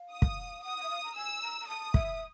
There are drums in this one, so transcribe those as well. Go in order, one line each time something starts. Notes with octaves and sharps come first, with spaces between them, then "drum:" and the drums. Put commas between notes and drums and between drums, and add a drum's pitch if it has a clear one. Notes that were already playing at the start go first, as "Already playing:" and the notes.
Already playing: F5
D#6
drum: kick
F#5 D#6
F#5
E5
F5
A#5
G#5 E6
A#5
A#5
A5 D#6
E5, drum: kick